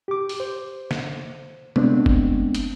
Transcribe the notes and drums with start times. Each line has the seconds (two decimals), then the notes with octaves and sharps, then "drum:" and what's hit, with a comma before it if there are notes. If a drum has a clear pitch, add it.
0.08 G4 D6
0.29 drum: open hi-hat
0.40 C5
0.91 drum: snare
1.76 G#3 A3 B3 C4 D4, drum: tom C3
2.06 drum: kick F#1
2.55 drum: hi-hat